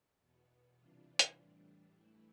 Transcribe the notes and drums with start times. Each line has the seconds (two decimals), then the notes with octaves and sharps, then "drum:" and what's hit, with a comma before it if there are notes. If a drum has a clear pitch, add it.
0.19 E2 B2 B3
0.77 C3 E3 G3 D4 F4
1.19 drum: hi-hat
1.35 A2 E3 G3 D4
1.94 E3 A3 E4